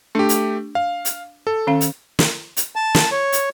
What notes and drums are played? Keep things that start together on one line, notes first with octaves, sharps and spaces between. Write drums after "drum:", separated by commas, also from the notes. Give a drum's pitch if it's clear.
A3 D4 G4
drum: hi-hat
F5
drum: hi-hat
A4
D#3 C#4 F5
drum: hi-hat
drum: snare
drum: hi-hat
A5
drum: snare
C#5
drum: hi-hat